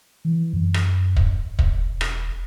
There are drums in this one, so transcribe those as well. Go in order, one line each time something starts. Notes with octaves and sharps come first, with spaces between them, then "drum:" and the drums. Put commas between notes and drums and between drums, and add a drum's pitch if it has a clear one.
E3
F#2
drum: rim click
drum: kick
drum: kick
E1
drum: rim click